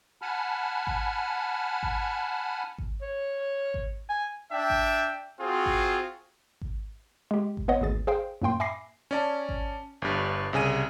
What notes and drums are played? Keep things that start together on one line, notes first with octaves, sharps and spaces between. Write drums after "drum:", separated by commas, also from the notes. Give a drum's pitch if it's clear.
F#5 G#5 A5 B5 F6
drum: kick G#1
drum: kick G#1
drum: kick G#1
C#5
drum: kick G#1
G#5
D4 E5 G5
drum: kick G#1
C4 F4 F#4 G#4
drum: kick G#1
drum: kick G#1
G#3 G4
drum: kick G#1
B3 B4 C#5 D#5 F#5
G#1 D2 G#4 A6
G#4 C5 F5 G5
F#2 A2 A#3 G5 C6
E5 G#5 B5 D6 A#6 C7
C#4 D5 A5
drum: kick G#1
G1 G2
C2 C#3 G#5 D#7